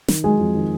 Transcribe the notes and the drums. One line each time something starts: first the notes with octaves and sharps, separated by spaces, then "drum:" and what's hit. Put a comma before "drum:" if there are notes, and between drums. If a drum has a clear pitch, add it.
D#3, drum: snare
F#3 G#3 G#4
F2
D#3